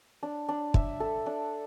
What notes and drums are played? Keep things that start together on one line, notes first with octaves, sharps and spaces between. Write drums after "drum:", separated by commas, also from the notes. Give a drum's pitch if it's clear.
D4
D4
E5, drum: kick
A4
D4